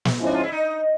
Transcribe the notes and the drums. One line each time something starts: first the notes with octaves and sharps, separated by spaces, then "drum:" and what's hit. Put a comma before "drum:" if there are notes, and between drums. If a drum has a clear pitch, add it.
drum: snare
G#2 F3 G#3 C#4 E4
D4
F4
E4
D#4